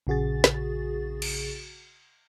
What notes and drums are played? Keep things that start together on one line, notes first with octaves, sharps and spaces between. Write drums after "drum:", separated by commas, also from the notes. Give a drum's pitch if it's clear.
A#1 C#3 F#4 G#4 A6
drum: snare
drum: cymbal